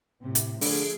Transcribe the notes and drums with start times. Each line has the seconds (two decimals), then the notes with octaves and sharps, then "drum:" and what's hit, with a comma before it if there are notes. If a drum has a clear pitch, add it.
0.21 A2 C3
0.35 drum: hi-hat
0.61 D3 F3 A3 G#4, drum: open hi-hat